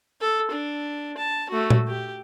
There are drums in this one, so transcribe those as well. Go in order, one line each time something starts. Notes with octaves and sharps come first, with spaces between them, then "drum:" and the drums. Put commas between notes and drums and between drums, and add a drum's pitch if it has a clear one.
A4
D4
A5
A3 F#4
drum: tom A#2
G4